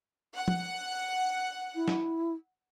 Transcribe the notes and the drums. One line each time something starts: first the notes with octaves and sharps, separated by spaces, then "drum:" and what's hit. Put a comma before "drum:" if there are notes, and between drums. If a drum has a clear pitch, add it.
F#5
drum: tom F3
E4
drum: snare